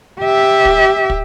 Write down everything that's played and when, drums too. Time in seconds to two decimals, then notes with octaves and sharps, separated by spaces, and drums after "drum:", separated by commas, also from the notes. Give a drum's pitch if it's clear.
0.21 G4 E5
0.65 drum: kick
1.10 drum: kick